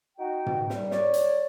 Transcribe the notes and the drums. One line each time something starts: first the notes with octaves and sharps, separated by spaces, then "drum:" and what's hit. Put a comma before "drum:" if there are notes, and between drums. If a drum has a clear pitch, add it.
D#4 F#4 G5
drum: tom
D#2 G3, drum: snare
C#5 D5, drum: snare
drum: hi-hat